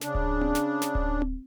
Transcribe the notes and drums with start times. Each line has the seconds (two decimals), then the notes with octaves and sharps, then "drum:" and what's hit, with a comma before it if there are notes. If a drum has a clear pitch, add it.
0.01 C#3 D4, drum: snare
0.15 drum: kick D1
0.41 drum: tom C4
0.55 drum: snare
0.82 drum: snare
0.95 drum: kick D1
1.22 drum: tom C4